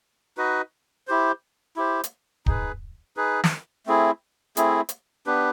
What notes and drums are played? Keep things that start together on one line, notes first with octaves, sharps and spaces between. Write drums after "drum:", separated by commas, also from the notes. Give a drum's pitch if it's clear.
D#4 F#4 B4 D#5
E4 G4 C5
E4 G4 C5
drum: hi-hat
D#4 G#4 B4, drum: kick
D#4 G#4 B4
drum: snare
A3 C4 E4 G#4
A3 C4 E4 G#4, drum: hi-hat
drum: hi-hat
B3 D4 G4 B4